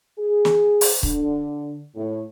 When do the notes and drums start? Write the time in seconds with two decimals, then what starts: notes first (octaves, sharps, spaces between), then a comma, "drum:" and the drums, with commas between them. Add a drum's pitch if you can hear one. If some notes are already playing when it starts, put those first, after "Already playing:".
0.19 G#4
0.45 drum: snare
0.81 drum: open hi-hat
1.03 D3, drum: kick
1.95 A2